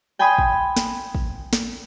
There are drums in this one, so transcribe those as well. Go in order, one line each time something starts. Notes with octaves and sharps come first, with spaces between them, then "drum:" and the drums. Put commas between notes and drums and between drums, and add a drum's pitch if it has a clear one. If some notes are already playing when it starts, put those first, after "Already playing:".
G5 G#5 B5 C6 D#6 G6
drum: kick
drum: snare
drum: kick
drum: snare